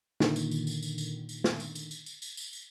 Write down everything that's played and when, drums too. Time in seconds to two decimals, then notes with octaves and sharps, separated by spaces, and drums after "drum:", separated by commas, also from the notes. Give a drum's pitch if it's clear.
0.20 A#2 D3 D#3, drum: snare
0.36 drum: tambourine
0.51 drum: tambourine
0.67 drum: tambourine
0.82 drum: tambourine
0.98 drum: tambourine
1.29 drum: tambourine
1.44 drum: snare
1.60 drum: tambourine
1.75 drum: tambourine
1.91 drum: tambourine
2.06 drum: tambourine
2.22 drum: tambourine
2.37 drum: tambourine
2.53 drum: tambourine